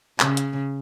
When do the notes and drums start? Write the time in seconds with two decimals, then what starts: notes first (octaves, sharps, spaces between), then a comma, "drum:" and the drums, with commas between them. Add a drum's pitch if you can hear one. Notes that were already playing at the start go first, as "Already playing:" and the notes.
0.20 C#3, drum: clap
0.37 drum: hi-hat